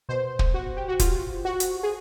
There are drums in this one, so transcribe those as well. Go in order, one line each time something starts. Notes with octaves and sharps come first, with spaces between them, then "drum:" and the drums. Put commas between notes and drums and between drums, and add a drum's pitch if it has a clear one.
B2 C5
drum: kick
F#4
G4
F#4
F4, drum: kick, hi-hat
F#4
drum: hi-hat
G#4